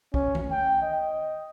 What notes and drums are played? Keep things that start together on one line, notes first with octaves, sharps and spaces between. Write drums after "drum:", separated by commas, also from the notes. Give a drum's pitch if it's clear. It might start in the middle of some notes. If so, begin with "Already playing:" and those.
C#4, drum: kick
drum: tom D#3
G5
D#5